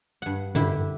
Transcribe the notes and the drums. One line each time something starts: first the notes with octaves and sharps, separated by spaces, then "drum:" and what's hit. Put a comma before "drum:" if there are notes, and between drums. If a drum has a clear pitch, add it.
G2 F#5
D3 E4 G4, drum: tom